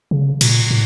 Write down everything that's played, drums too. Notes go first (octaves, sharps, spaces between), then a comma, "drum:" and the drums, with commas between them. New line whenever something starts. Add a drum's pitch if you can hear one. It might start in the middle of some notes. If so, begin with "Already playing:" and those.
C#3
A#2, drum: cymbal
A2